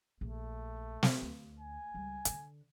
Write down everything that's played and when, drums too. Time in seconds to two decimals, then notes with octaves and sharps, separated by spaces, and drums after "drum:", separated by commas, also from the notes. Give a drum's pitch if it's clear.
0.21 A#1 A3
1.03 drum: snare
1.22 D2
1.60 G#5
1.94 C#2 G3
2.25 D3 D4, drum: hi-hat